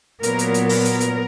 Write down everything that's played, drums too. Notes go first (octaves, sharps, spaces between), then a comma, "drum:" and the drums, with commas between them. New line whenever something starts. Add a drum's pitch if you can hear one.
A#2 F#3 B3 A#4, drum: hi-hat
drum: hi-hat
drum: hi-hat
A#4, drum: open hi-hat
drum: hi-hat
drum: hi-hat